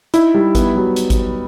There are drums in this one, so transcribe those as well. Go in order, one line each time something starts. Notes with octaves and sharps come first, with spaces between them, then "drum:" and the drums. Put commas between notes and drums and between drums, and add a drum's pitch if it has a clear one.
D#4 E4, drum: hi-hat
G3
B3, drum: kick G#1, hi-hat
F#3
drum: hi-hat
drum: kick G#1, hi-hat